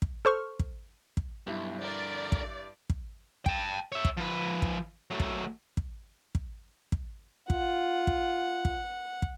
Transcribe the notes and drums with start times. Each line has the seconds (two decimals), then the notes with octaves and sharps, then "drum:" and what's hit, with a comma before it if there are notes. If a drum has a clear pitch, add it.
0.02 drum: kick
0.25 A4 C5 C#6 F6
0.59 drum: kick
1.17 drum: kick
1.47 B1 G2 E4
1.82 D3 A#4 D5
2.32 drum: kick
2.90 drum: kick
3.46 G5 A5, drum: kick
3.92 C#5 E5
4.05 drum: kick
4.17 F3 B4
4.62 drum: kick
5.10 F#3 A3
5.20 drum: kick
5.77 drum: kick
6.35 drum: kick
6.92 drum: kick
7.50 F4 F#5, drum: kick
8.07 drum: kick
8.65 drum: kick
9.22 drum: kick